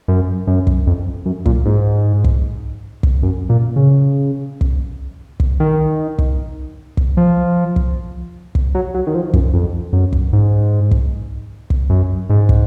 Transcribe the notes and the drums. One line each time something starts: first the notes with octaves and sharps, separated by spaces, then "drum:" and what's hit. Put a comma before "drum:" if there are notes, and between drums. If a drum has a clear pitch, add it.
F#2
F#2
drum: kick
F2
F#2
A#2, drum: kick
G#2
drum: kick
drum: kick
F#2
A#2
C#3
drum: kick
drum: kick
D#3
drum: kick
drum: kick
F3
drum: kick
drum: kick
F#3
F#3
D#3
F3
F#2, drum: kick
F2
F#2
drum: kick
G#2
drum: kick
drum: kick
F#2
G#2
drum: kick